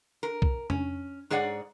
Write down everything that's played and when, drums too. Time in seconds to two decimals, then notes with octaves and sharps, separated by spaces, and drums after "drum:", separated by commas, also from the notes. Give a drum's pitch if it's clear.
0.23 A#4
0.42 drum: kick
0.70 C#4, drum: tom F2
1.30 G#2 G#4 C#5 D5 F#5